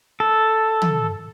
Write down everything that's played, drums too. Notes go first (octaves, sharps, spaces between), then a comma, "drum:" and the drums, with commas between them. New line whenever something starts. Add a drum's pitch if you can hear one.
A4
drum: tom